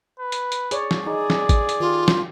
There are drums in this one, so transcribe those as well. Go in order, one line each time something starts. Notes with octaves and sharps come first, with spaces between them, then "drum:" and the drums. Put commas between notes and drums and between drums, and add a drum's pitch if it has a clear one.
B4
drum: hi-hat
drum: hi-hat
G#4 C#5 D5, drum: hi-hat
drum: snare
D#4 G#4 D5
drum: snare
drum: kick A1, hi-hat
drum: hi-hat
D#3 F4 G4
drum: snare